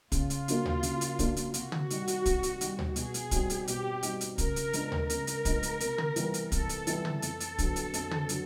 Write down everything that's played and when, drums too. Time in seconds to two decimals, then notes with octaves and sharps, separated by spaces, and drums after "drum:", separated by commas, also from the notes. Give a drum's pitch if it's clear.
0.12 C#3 F4, drum: kick, hi-hat
0.30 drum: hi-hat
0.48 F3 A#3 D4 F#4, drum: hi-hat
0.65 drum: tom D2
0.83 C#3, drum: hi-hat
1.01 drum: hi-hat
1.19 F3 A#3 D4 F#4, drum: kick, hi-hat
1.37 drum: hi-hat
1.54 C3 F#4, drum: hi-hat
1.72 drum: tom
1.90 D#3 G3, drum: hi-hat
2.08 drum: hi-hat
2.26 C3, drum: kick, hi-hat
2.43 drum: hi-hat
2.61 D#3 G3, drum: hi-hat
2.79 drum: tom D2
2.96 B2 G#4, drum: hi-hat
3.14 drum: hi-hat
3.31 G3 C4 D#4 F#4, drum: kick, hi-hat
3.50 drum: hi-hat
3.68 B2 G4, drum: hi-hat
4.03 G3 C4 D#4 F#4, drum: hi-hat
4.21 drum: hi-hat
4.38 C#3 A#4, drum: kick, hi-hat
4.56 drum: hi-hat
4.73 F3 G#3 B3 D4, drum: hi-hat
4.92 drum: tom D2
5.10 C#3 A#4, drum: hi-hat
5.27 drum: hi-hat
5.45 F3 G#3 B3 D4, drum: kick, hi-hat
5.63 drum: hi-hat
5.80 C3, drum: hi-hat
5.98 drum: tom
6.16 E3 G3 B3 E4, drum: hi-hat
6.34 drum: hi-hat
6.52 C3 A4, drum: kick, hi-hat
6.69 drum: hi-hat
6.87 E3 G3 B3 E4, drum: hi-hat
7.05 drum: tom
7.22 F2 A4, drum: hi-hat
7.40 drum: hi-hat
7.58 D3 F#3 B3, drum: kick, hi-hat
7.76 drum: hi-hat
7.94 F2, drum: hi-hat
8.11 drum: tom
8.29 D3 F#3, drum: hi-hat